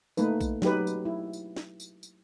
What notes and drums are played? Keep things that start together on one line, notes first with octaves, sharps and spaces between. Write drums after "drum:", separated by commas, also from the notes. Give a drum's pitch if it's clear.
A3 A#3 D#4 B4, drum: tambourine
drum: kick A#1, tambourine
F#3 D#4 G4 B4, drum: snare
drum: tambourine
E4
drum: tambourine
drum: snare
drum: tambourine
drum: tambourine